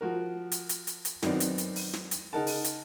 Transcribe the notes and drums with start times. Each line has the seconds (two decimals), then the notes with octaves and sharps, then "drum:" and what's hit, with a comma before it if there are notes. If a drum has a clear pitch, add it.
0.01 F3 F#4 A#4
0.52 drum: hi-hat
0.69 drum: hi-hat
0.87 drum: hi-hat
1.05 drum: hi-hat
1.23 F#2 D#3 F#3 B3 C4 D5, drum: snare
1.40 drum: hi-hat
1.58 drum: hi-hat
1.76 drum: open hi-hat
1.93 drum: snare
2.11 drum: hi-hat
2.33 C#3 D#4 A#4 F#5 A5
2.47 drum: open hi-hat
2.64 drum: hi-hat